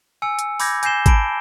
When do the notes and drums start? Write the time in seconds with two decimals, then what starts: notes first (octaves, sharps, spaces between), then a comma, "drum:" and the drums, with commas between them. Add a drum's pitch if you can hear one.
0.22 G#5 E6 C#7
0.39 drum: hi-hat
0.60 B5 D6 G6 G#6 A#6, drum: open hi-hat
0.83 G#5 G6 A#6 C7 E7 G7, drum: hi-hat
1.06 A5 B5 D7, drum: kick G#1, hi-hat